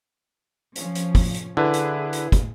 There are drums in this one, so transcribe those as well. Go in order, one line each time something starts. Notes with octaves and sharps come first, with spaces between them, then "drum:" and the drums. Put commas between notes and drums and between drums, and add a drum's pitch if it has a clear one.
F3 C#4, drum: hi-hat
drum: hi-hat
drum: kick, open hi-hat
drum: hi-hat
D3 E4 G#4 B4
drum: hi-hat
drum: hi-hat
drum: kick, hi-hat